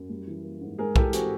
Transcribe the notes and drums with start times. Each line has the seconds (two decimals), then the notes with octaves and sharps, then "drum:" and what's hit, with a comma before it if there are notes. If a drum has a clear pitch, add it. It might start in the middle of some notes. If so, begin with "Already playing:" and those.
Already playing: F#2
0.09 G3
0.27 E3
0.44 A#3
0.61 G#2
0.78 G#3 G#4 A#4
0.96 E3 G4 A4, drum: kick B1
1.13 C4 F#4 G#4, drum: hi-hat